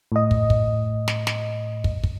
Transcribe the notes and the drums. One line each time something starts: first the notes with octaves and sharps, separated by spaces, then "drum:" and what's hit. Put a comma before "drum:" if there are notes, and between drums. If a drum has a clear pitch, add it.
A2 D#5
drum: kick
drum: kick
drum: snare
drum: snare
drum: kick
drum: kick